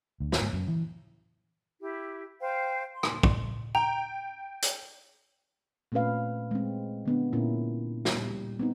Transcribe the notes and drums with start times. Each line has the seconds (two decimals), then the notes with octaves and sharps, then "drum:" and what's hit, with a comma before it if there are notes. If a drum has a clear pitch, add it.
0.20 D2
0.32 drum: snare
0.42 G#2
0.53 F#2
0.68 E3
1.81 E4 G4
2.41 C5 F5 G5
2.93 C6
3.03 drum: rim click
3.23 drum: kick
3.75 G5 A#5
4.62 drum: hi-hat
5.92 A#2 A3 C4 C#4 B4 F5
6.51 G#3 C4
7.06 D3 B3 D4
7.33 A#2 A#3 C#4 E4 A#4
8.05 G3, drum: snare
8.59 B3 C4 D#4